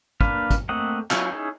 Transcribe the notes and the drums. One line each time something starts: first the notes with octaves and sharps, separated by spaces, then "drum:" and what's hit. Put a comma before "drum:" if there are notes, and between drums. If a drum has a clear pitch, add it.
A#3 D4 B4 F5, drum: kick
drum: kick, hi-hat
A3 A#3 C4 D#5 F#5
F#3 C#4 E4 F4, drum: clap
C#4 D#4 E4 G#4